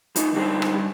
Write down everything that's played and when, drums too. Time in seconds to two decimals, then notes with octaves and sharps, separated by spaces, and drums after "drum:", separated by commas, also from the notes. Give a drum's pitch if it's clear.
0.16 F3 D#4, drum: hi-hat
0.34 D3 G3 D#4 F4 G4 C5
0.62 drum: rim click
0.74 G2